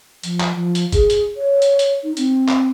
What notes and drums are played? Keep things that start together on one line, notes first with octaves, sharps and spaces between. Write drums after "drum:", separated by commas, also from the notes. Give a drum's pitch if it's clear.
F3, drum: hi-hat
drum: clap
F3
drum: hi-hat
G#4, drum: kick, hi-hat
drum: hi-hat
C#5
drum: hi-hat
drum: hi-hat
D#4
C4, drum: hi-hat
drum: clap